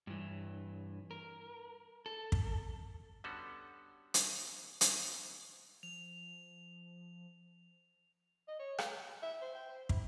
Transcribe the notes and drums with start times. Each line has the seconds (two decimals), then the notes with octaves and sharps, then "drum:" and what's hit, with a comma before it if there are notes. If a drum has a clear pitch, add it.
0.07 G2 E3
1.11 A#4
2.06 A4
2.32 drum: kick
3.24 D3 G3 B3 C#4 F#4 A4
4.14 drum: hi-hat
4.81 drum: hi-hat
5.83 F3 F7
8.48 D#5
8.59 C#5
8.78 F5, drum: rim click
8.96 G5
9.22 E5
9.42 C5
9.55 G5
9.69 C5
9.89 E4, drum: kick